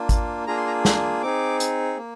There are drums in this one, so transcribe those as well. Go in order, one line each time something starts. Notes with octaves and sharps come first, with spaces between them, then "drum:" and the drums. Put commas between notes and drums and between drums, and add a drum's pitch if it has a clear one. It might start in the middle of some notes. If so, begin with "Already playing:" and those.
Already playing: A#3 D4 F4
drum: kick G#1, hi-hat
A#3 D4 F4 G#4 A#5
C6
A#5
C6, drum: snare
C4 D#4 G#4 D6
drum: hi-hat
A#3